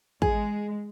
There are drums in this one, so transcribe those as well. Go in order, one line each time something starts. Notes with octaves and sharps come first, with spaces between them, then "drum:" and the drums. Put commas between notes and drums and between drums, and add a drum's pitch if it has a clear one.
G#3 G#4, drum: kick